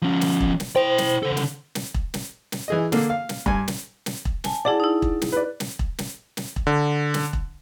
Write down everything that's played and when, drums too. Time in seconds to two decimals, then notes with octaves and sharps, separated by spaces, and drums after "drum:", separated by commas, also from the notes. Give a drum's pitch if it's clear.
0.03 F3 C#4
0.21 drum: snare
0.40 drum: kick E1
0.60 drum: snare
0.76 E4 C5 G5
0.98 drum: snare
1.23 C#3 A4
1.37 drum: snare
1.75 drum: snare
1.94 drum: kick E1
2.14 drum: snare
2.52 drum: snare
2.68 E3 G#4 D#5
2.92 D3 A#3, drum: snare
3.10 F5
3.29 drum: snare
3.46 G2 G#5, drum: kick E1
3.68 drum: snare
4.06 drum: snare
4.25 drum: kick E1
4.44 G#5 A5, drum: snare
4.65 E4 G#4 D5 F#5 A5
4.80 D#4 E4
5.02 drum: kick E1
5.22 drum: snare
5.32 B4 D5
5.60 drum: snare
5.79 drum: kick E1
5.98 drum: snare
6.37 drum: snare
6.56 drum: kick E1
6.67 D3
7.14 drum: snare
7.33 drum: kick E1